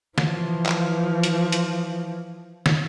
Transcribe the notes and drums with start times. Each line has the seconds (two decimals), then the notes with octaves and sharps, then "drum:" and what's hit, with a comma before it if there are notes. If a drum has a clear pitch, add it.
0.18 E3 F3, drum: snare
0.66 drum: clap
1.23 drum: hi-hat
1.52 drum: hi-hat
2.66 drum: snare